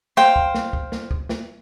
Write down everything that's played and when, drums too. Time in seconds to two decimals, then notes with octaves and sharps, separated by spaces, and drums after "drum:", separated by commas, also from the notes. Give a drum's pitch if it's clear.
0.17 C5 F5 G5, drum: snare
0.36 drum: kick
0.55 drum: snare
0.73 drum: kick
0.92 drum: snare
1.11 drum: kick
1.29 drum: snare